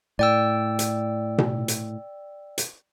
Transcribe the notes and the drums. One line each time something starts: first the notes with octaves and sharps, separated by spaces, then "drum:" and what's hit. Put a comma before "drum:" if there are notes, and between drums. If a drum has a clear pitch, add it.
A2 D5 G5 E6
drum: hi-hat
drum: tom B2
drum: hi-hat
drum: hi-hat